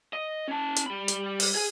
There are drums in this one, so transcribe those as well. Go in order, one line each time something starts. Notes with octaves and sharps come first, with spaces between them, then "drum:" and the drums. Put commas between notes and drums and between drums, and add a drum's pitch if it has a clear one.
D#5
C#4 A5
drum: hi-hat
G3 B5
drum: hi-hat
drum: open hi-hat
G#4